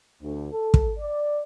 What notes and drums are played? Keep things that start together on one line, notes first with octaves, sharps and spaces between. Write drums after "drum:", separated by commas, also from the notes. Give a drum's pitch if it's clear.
D2
A4
drum: kick
D5